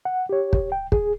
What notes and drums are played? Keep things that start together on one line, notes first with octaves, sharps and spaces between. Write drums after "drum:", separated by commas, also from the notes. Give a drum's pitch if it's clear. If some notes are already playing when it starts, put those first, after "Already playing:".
F#5
G4 C#5
drum: kick
G5
G#4, drum: kick